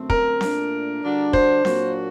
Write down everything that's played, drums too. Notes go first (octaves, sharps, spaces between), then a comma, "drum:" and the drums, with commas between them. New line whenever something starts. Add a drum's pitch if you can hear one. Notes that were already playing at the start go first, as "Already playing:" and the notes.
Already playing: F#2 D3 A3 C4
A#4, drum: kick
A#2 A3 D4, drum: snare C4
D3 G3 D4 F#4
C5, drum: kick
A#2 F#3 A#3 D4 F#4, drum: snare C4